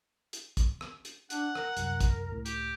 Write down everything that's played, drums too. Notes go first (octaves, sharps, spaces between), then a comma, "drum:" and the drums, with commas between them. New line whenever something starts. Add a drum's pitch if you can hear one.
drum: hi-hat
drum: kick, hi-hat
drum: rim click
drum: hi-hat
D4 F#5, drum: hi-hat
A#4, drum: rim click
C2 F#2, drum: hi-hat
drum: kick, hi-hat
C#2 A2
G4, drum: hi-hat